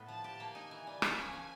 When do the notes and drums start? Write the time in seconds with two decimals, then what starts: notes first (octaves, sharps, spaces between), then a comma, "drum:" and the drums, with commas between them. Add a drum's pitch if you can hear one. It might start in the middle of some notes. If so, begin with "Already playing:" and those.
Already playing: A2 B3
0.08 F3 A5
0.24 G4
0.40 A#3
0.55 D#4 G#5
0.71 E3
0.87 G3
1.02 F3, drum: rim click
1.18 C#4
1.33 F3